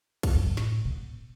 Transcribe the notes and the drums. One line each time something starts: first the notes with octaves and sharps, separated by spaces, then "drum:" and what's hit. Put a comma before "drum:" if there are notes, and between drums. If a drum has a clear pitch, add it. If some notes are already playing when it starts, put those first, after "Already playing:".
drum: kick, cymbal
F#2
A2
drum: snare
B2